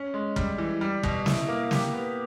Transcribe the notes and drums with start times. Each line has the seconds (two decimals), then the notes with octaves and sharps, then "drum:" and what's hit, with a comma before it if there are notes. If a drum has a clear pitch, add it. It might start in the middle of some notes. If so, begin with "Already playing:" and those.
Already playing: C#4
0.14 G#3
0.36 G3, drum: kick
0.58 E3
0.81 G3
1.03 B2, drum: kick
1.26 E4, drum: snare
1.48 A#3
1.71 G4, drum: snare
1.93 B3